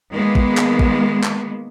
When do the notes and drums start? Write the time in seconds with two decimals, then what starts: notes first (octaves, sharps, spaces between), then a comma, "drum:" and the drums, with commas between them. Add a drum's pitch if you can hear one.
0.13 D#3 G#3 A#3 B3
0.35 drum: kick
0.57 drum: clap
0.79 drum: kick
1.24 drum: clap